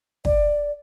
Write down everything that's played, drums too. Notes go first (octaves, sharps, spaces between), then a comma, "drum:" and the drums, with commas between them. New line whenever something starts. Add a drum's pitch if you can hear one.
D5, drum: kick